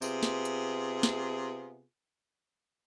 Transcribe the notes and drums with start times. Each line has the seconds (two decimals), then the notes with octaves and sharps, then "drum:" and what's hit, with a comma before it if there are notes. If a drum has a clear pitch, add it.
0.02 C3 B3 F4 G#4, drum: tambourine
0.23 drum: snare
0.45 drum: hi-hat
1.03 drum: snare